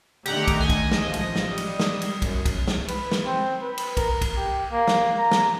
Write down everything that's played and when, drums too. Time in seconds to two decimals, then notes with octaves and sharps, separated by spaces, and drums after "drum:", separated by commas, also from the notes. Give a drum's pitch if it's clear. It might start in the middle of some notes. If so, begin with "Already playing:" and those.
0.26 D3 D#3 A3 G4 F#5 A#5, drum: cymbal
0.48 drum: kick, cymbal
0.60 D#5 G#5
0.70 drum: kick, cymbal
0.92 drum: snare
1.02 A1 F3 D#5
1.14 drum: cymbal
1.36 drum: snare
1.48 G3
1.58 drum: cymbal
1.80 drum: snare
2.02 drum: cymbal
2.22 F#2, drum: kick, cymbal
2.46 drum: kick, cymbal
2.68 drum: snare
2.88 B4, drum: cymbal
3.12 drum: snare
3.26 C4
3.62 B4
3.78 drum: cymbal
3.97 A#4, drum: kick, cymbal
4.22 drum: kick, cymbal
4.37 G4
4.72 A#3
4.88 drum: snare
5.18 A#5
5.32 drum: snare